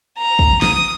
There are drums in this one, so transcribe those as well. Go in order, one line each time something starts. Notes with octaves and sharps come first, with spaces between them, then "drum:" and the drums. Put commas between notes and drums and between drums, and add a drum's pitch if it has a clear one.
A#5
drum: kick
D#6, drum: snare